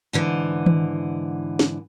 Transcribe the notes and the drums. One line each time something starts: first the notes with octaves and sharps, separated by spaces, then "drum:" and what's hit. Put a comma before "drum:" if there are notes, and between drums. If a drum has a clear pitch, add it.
G#2 D3 E3
drum: tom D#3
drum: snare